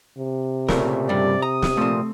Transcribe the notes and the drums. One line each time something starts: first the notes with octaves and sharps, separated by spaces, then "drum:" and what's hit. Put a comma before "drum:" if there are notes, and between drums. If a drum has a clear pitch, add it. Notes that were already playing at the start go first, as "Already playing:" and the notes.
C3
A#2 C#3 A3 A#4, drum: snare
G2 G3 D5
A#5 D#6
drum: snare
A#2 F3 A3 C4